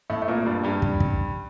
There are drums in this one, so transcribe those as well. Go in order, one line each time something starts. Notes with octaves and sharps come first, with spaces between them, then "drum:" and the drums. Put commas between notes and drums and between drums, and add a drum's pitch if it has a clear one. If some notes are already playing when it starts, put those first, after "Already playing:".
A2 A3
A3
A#2 A#3
G2 G3
G2 G3
drum: kick
drum: kick